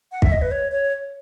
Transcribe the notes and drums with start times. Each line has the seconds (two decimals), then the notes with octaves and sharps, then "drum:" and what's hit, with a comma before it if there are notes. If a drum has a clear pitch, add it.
0.12 F#5
0.22 E5, drum: kick
0.32 D#5
0.42 B4
0.51 C#5
0.72 C#5